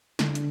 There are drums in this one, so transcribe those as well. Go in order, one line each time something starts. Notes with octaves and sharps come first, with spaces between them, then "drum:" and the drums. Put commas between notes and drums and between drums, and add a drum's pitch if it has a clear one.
D3, drum: snare
drum: hi-hat